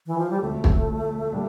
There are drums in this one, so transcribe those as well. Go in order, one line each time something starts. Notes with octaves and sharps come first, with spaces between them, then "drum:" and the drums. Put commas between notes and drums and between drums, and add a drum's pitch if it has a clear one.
E3
F3
G3
E1 D2 D3 F3 A3 C4
drum: kick
A#2 G3 D4 G4